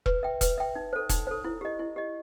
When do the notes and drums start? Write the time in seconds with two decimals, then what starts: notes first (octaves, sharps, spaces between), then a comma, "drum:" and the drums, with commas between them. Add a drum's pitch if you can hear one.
0.06 B4, drum: kick E1
0.23 E5 G5
0.41 B4, drum: kick E1, hi-hat
0.58 E5 G5
0.75 D#4
0.93 A4 C5
1.09 D#4, drum: kick E1, hi-hat
1.27 A4 C5
1.44 E4
1.61 G4 D#5
1.79 E4
1.96 G4 D#5